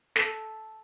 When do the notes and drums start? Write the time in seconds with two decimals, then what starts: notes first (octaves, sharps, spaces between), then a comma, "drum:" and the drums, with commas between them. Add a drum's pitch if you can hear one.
0.16 A4, drum: snare